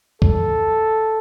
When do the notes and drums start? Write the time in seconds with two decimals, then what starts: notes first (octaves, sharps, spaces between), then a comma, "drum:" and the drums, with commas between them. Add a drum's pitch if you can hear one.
0.22 A4, drum: kick